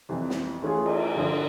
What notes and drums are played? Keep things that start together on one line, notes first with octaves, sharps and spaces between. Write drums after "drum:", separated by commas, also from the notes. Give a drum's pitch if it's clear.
F2 C3 E3 G3
drum: snare
E3 A3 C#4 F4 G#4
drum: cymbal
G2 D3 F3